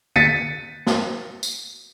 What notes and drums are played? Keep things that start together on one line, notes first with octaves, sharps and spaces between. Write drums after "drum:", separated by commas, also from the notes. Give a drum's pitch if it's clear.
A6 B6 C#7 D#7, drum: tom
drum: snare
drum: tambourine